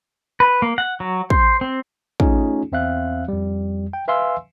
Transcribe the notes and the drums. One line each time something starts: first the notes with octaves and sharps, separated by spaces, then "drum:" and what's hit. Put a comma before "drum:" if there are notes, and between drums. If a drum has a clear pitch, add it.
B4
A#3
F#5
F#3
C5, drum: kick
C4
A3 C#4 D#4 F4 G#4, drum: kick
E2 C4 E5 F5 F#6
F2 G3
G5
B4 E5 F5 G#5 C6 E6